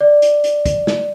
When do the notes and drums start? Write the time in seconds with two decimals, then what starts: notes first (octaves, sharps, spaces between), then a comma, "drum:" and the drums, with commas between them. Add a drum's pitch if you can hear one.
0.01 D5
0.22 drum: hi-hat
0.44 drum: hi-hat
0.66 drum: kick, hi-hat
0.87 drum: snare